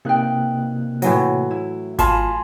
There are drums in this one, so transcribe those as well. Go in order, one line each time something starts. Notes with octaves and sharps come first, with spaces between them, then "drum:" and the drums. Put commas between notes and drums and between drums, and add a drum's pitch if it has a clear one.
C3 A#3 D#4 G5 F#6
A2 E3 F#3, drum: hi-hat
E4
F4 G#5 A5 B5 C6, drum: kick G#1, hi-hat